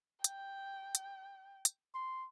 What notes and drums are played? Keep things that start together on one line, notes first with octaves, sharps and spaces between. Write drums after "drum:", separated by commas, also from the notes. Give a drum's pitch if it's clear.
G5, drum: hi-hat
drum: hi-hat
drum: hi-hat
C6